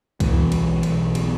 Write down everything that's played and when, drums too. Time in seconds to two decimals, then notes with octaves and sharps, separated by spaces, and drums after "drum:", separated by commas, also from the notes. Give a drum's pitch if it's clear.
0.20 B2 E3, drum: kick, cymbal
0.52 B1, drum: cymbal
0.83 B1, drum: cymbal
1.15 B2, drum: cymbal